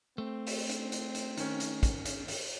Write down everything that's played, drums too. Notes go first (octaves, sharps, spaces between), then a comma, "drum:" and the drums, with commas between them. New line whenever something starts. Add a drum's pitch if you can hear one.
A3 C4
drum: open hi-hat
drum: hi-hat
drum: hi-hat
drum: hi-hat
D#3 C#4, drum: hi-hat
drum: hi-hat
drum: kick, hi-hat
drum: hi-hat
drum: open hi-hat